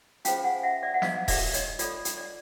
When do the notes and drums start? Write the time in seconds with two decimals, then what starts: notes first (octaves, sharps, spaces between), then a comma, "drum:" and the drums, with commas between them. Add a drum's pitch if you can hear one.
0.25 C#4 F4 G#4 C5 F5 G5, drum: hi-hat
0.44 F#5 G#5
0.63 E5 F#5
0.83 D5 E5
0.94 F#5
1.02 D#5 F5, drum: snare
1.28 D5 E5, drum: kick D#1, open hi-hat
1.54 C#5 D#5, drum: hi-hat
1.79 F4 A4 C#5 D5, drum: hi-hat
2.05 drum: hi-hat
2.18 D5